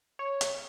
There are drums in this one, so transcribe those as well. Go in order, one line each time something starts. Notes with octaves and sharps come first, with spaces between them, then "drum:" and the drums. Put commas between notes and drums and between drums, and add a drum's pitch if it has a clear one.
C#5
drum: hi-hat